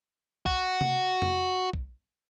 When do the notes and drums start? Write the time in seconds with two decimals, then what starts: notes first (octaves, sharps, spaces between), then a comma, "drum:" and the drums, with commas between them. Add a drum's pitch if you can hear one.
0.46 F#4, drum: kick
0.81 drum: tom C3
1.22 drum: tom F2
1.73 drum: kick